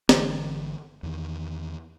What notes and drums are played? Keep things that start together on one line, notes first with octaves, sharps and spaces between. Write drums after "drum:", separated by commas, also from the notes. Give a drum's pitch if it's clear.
G1 D3 E3 G#3, drum: snare
E2 D#3